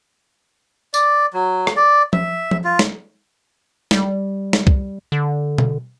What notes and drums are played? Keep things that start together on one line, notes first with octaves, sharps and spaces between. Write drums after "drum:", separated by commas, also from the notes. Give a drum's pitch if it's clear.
D5, drum: tambourine
F#3
drum: rim click
D5
E5, drum: tom F3
drum: tom F3
F4
drum: snare
G3, drum: snare
drum: snare
drum: kick C2
D3
drum: tom B2